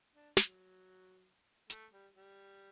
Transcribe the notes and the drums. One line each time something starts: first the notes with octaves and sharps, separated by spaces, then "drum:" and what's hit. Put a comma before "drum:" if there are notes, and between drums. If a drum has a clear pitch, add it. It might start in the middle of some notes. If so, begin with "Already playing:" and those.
D4
F#3, drum: snare
A3, drum: hi-hat
G3
G3